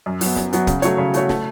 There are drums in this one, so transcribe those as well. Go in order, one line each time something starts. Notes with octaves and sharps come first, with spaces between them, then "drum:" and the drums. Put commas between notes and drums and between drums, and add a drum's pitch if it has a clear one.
F#2
F#3 B3, drum: open hi-hat
F#2, drum: snare
F#3 B3, drum: hi-hat
C#3, drum: kick, hi-hat
F#3 A3 F#4 C#5, drum: hi-hat
C#3
F#3 A3 F#4 C#5, drum: hi-hat
A3, drum: snare